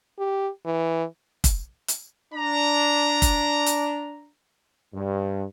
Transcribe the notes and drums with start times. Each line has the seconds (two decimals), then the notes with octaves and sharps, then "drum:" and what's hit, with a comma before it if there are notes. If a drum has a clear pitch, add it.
0.19 G4
0.65 E3
1.44 drum: kick, hi-hat
1.88 drum: hi-hat
2.33 D4 A#5
3.22 drum: kick, hi-hat
3.66 drum: hi-hat
4.94 G2